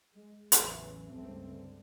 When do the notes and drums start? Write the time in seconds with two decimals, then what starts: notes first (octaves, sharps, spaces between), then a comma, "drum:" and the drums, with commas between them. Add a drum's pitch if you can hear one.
0.15 G#3
0.52 A1 E2 C#3 E3 F#3, drum: hi-hat
1.14 C#2 G2 A3 C4
1.50 D3